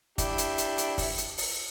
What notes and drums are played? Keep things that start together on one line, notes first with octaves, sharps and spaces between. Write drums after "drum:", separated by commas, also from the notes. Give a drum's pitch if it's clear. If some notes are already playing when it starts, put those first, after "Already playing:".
D4 E4 G4, drum: kick, hi-hat
drum: hi-hat
drum: hi-hat
drum: hi-hat
drum: kick, open hi-hat
drum: hi-hat
drum: open hi-hat